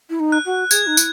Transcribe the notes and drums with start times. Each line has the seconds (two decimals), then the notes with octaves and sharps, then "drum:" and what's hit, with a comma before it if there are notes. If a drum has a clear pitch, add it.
0.10 E4
0.20 D#4
0.32 F#6
0.45 F#4
0.71 G#4 G#6, drum: tambourine
0.87 D#4
0.97 E4, drum: tambourine